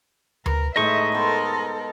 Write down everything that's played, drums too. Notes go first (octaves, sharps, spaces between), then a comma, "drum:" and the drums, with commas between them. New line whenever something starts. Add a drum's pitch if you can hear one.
A#4 B4, drum: tom D2
A2 G#3 D#4 A4 D#5 E5 C#6
B3 A4 A#4 C5